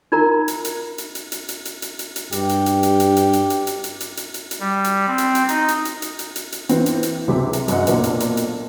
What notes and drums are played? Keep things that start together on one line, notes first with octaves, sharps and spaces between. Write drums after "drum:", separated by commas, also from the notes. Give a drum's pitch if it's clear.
D#4 F4 A#4 A#5
drum: hi-hat
drum: hi-hat
drum: hi-hat
drum: hi-hat
drum: hi-hat
drum: hi-hat
drum: hi-hat
drum: hi-hat
drum: hi-hat
drum: hi-hat
G2 G4, drum: hi-hat
drum: hi-hat
drum: hi-hat
drum: hi-hat
drum: hi-hat
drum: hi-hat
drum: hi-hat
drum: hi-hat
drum: hi-hat
drum: hi-hat
drum: hi-hat
drum: hi-hat
drum: hi-hat
drum: hi-hat
G3
drum: hi-hat
C4
drum: hi-hat
drum: hi-hat
D#4, drum: hi-hat
drum: hi-hat
drum: hi-hat
drum: hi-hat
drum: hi-hat
drum: hi-hat
drum: hi-hat
E3 B3 C4 F4, drum: hi-hat
drum: hi-hat
drum: hi-hat
C#2 C3 F#3 C5 D6 B6
drum: hi-hat
F#2 D4 D#5 F#5, drum: hi-hat
B1 A#2 D4 A#4 C5, drum: hi-hat
drum: hi-hat
drum: hi-hat
drum: hi-hat